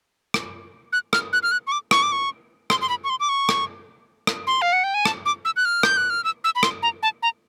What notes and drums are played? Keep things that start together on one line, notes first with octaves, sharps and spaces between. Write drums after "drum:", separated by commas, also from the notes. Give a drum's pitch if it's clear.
drum: rim click
F#6
F6, drum: rim click
F#6
F6
F#6
C#6
D6
C#6, drum: rim click
D6
C#6
C6, drum: rim click
C6
B5
C#6
C6
D6
C#6
drum: rim click
drum: rim click
C6
F5
F#5
G5
G#5
A5, drum: rim click
D6
E6
F#6
F6
G6, drum: rim click
F#6
F6
E6
E6
B5
C6, drum: rim click
A#5
A5
A#5